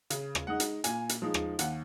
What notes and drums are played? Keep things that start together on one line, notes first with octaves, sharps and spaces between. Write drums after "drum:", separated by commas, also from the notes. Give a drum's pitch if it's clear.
C#3, drum: hi-hat
drum: rim click
G#3 D#4 F#5
drum: hi-hat
A#2 G#5, drum: hi-hat
drum: hi-hat
F3 G#3 D#4
drum: rim click
D#2 F#5, drum: hi-hat